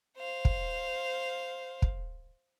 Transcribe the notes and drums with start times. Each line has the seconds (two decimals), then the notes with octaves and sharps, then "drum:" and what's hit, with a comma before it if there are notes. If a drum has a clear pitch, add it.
0.17 C5 F5
0.45 drum: kick
1.82 drum: kick